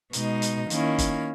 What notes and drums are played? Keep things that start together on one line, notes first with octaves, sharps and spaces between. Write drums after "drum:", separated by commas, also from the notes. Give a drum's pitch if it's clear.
B2 G#3 D#4, drum: hi-hat
drum: hi-hat
D#3 A#3 C#4 E4, drum: hi-hat
drum: kick, hi-hat